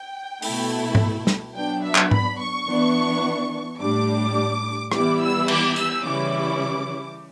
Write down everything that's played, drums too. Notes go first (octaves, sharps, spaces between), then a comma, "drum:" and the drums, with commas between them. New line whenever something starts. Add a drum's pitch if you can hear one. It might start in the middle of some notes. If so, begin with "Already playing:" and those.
Already playing: G5
B2 A3 E4, drum: open hi-hat
drum: tom G#2
drum: snare
F#3 B3 D4 G5
E5
drum: clap
B5, drum: tom G#2
C#6
E3 B3 D4
A2 G3 D4 D6
E3 G3 B3 E4 D6, drum: rim click
E6
D6, drum: cymbal
E6, drum: hi-hat
C#3 E3 G3 C#4 E4 D6